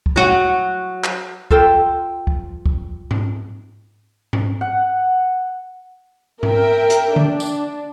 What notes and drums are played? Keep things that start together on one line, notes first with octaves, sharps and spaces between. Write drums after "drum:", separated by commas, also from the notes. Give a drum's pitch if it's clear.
drum: kick
F#3 F#4
drum: clap
F4 A4 C5 G5, drum: kick
drum: kick
drum: kick
drum: tom G#2
drum: tom G#2
F#5
A#4 E5 G5, drum: tom G#2
drum: hi-hat
D4, drum: tom D3
drum: tambourine